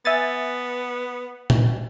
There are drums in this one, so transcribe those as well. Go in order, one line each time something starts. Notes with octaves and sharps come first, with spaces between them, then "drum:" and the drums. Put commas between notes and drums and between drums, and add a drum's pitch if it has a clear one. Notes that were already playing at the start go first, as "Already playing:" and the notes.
B3 E5 G#5 A6
drum: tom A#2